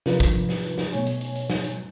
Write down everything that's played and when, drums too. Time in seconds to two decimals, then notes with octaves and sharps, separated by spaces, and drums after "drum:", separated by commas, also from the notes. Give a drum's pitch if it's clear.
0.06 C3 F3 D4 F4 A#4 B4, drum: snare
0.20 drum: kick, hi-hat
0.35 drum: hi-hat
0.49 drum: snare
0.63 drum: hi-hat
0.78 drum: snare
0.92 B2 A3 C#5 G#5, drum: hi-hat
1.06 drum: hi-hat
1.21 drum: hi-hat
1.35 drum: hi-hat
1.50 drum: snare
1.64 drum: hi-hat